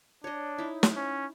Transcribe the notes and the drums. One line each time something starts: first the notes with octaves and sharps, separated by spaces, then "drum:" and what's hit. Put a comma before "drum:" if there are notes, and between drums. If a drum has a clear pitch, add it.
D4 C#5 D#5
D#4 E4
drum: snare
C#4